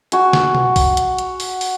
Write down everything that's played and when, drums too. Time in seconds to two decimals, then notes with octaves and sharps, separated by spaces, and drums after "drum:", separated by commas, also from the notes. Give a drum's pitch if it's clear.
0.12 F#4 G#5, drum: hi-hat
0.33 drum: snare
0.55 drum: tom B2
0.76 drum: kick A#1, open hi-hat
0.97 drum: hi-hat
1.18 drum: hi-hat
1.40 drum: open hi-hat
1.61 drum: open hi-hat